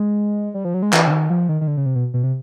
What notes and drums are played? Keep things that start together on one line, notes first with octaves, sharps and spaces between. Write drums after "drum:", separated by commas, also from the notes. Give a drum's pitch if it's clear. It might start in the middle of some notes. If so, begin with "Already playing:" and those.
Already playing: G#3
G3
F3
F#3
G#3
E3, drum: clap
D3
D#3
F3
D#3
D#3
D3
C#3
C3
B2
B2
C3